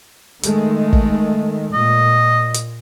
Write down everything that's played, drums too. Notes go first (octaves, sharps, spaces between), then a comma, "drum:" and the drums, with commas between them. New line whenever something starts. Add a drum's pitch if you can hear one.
D#3 G#3 A3, drum: hi-hat
drum: kick
A#2 D#5
drum: hi-hat